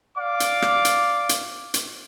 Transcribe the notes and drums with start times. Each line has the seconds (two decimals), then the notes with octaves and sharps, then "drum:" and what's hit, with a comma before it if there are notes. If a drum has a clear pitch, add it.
0.18 D5 F5 D6
0.40 drum: hi-hat
0.62 drum: rim click
0.85 drum: hi-hat
1.29 drum: hi-hat
1.74 drum: hi-hat